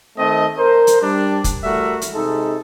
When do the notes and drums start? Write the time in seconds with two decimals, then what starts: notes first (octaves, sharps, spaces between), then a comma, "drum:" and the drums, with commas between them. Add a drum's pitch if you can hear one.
0.18 D#3 A3 C4 D#5
0.58 A#4 C5
0.87 drum: hi-hat
1.02 G3 D4
1.44 drum: kick, hi-hat
1.64 E3 G3 A3 F#4 A#4 E5
2.02 drum: hi-hat
2.14 C3 G#3 D#4 A4